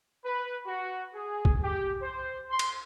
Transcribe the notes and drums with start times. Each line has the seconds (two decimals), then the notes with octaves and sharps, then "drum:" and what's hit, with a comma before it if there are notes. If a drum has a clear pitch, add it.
0.25 B4
0.66 F#4
1.14 G#4
1.45 drum: kick
1.63 G4
2.01 C5
2.50 C6
2.59 drum: cymbal